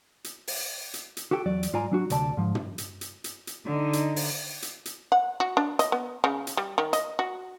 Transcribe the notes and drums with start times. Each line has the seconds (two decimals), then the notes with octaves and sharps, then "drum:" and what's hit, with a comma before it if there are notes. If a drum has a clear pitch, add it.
0.24 drum: hi-hat
0.47 drum: open hi-hat
0.94 drum: hi-hat
1.17 drum: hi-hat
1.31 F#4 G4 A4 G5
1.45 E2 F#3 D5
1.63 drum: hi-hat
1.73 G#2 F4 D5 G#5 A#5
1.91 F#3 D4 F#4
2.10 D2 C3 D5 A5, drum: hi-hat
2.37 G#2 F3
2.55 drum: tom
2.78 drum: hi-hat
3.01 drum: hi-hat
3.24 drum: hi-hat
3.47 drum: hi-hat
3.65 D3 D#4
3.93 drum: hi-hat
4.16 drum: open hi-hat
4.62 drum: hi-hat
4.85 drum: hi-hat
5.12 F#5
5.40 F#4
5.57 D4
5.79 D#5, drum: hi-hat
5.92 B3
6.24 C#3
6.47 drum: hi-hat
6.57 G3
6.78 D#3
6.93 D#5, drum: hi-hat
7.19 F#4